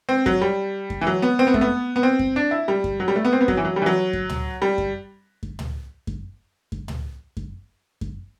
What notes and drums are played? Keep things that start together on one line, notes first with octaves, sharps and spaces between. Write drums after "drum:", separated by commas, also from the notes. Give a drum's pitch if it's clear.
C4
F#3, drum: kick F#2
G3
drum: kick F#2
E3
F#3
B3
C4
B3
A3, drum: kick F#2
B3
B3
C4
drum: kick F#2
D4
E4
G3
drum: kick F#2
F#3
G3
A3
B3
C4
B3
F#3, drum: kick F#2
E3
F#3
G3
E3
F#3
drum: kick F#2
drum: tom
G3
drum: kick F#2
drum: kick F#2
drum: tom
drum: kick F#2
drum: kick F#2
drum: tom
drum: kick F#2
drum: kick F#2